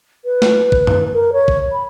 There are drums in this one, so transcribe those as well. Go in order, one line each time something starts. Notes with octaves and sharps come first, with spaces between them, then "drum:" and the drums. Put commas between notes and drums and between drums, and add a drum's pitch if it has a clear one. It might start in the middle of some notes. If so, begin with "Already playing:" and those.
B4
drum: snare
drum: kick
drum: tom F#2
A#4
C#5
drum: kick
B5